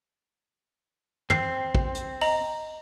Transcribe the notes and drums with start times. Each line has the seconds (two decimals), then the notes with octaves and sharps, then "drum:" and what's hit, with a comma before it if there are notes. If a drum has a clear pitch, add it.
1.30 C4 C7, drum: tom
1.75 drum: kick
1.95 drum: hi-hat
2.21 D#5 A#5 F#7, drum: open hi-hat